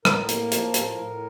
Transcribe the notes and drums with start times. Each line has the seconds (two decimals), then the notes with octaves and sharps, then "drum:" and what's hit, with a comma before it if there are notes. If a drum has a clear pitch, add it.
0.05 A2 A#4, drum: rim click
0.29 A#3, drum: hi-hat
0.52 F3, drum: hi-hat
0.74 A2, drum: hi-hat
0.98 A2